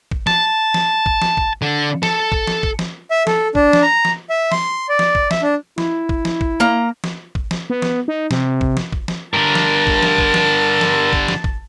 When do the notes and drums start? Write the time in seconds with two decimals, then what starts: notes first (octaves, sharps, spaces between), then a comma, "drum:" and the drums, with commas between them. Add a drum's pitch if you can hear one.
0.11 drum: kick
0.27 A5, drum: snare
0.74 drum: snare
1.06 drum: kick
1.22 drum: snare
1.37 drum: kick
1.62 D3
2.03 A4, drum: snare
2.32 drum: kick
2.47 drum: snare
2.63 drum: kick
2.79 drum: snare
3.11 E5
3.27 A4, drum: snare
3.55 D4, drum: kick
3.73 drum: snare
3.82 A#5
4.05 drum: snare
4.30 E5
4.52 C6, drum: snare
4.89 D5
4.99 drum: snare
5.15 drum: kick
5.31 E5, drum: snare
5.42 D4
5.78 E4, drum: snare
6.09 drum: kick
6.25 drum: snare
6.41 drum: kick
6.60 A#3 A#5
7.04 drum: snare
7.35 drum: kick
7.51 drum: snare
7.70 B3
7.82 drum: snare
8.08 D#4
8.31 C3, drum: snare
8.61 drum: kick
8.77 drum: snare
8.92 drum: kick
9.08 drum: snare
9.34 G2 D3 A#4 A5
9.55 drum: snare
9.87 drum: kick
10.03 drum: snare
10.18 drum: kick
10.34 drum: snare
10.81 drum: snare
11.13 drum: kick
11.28 drum: snare
11.44 drum: kick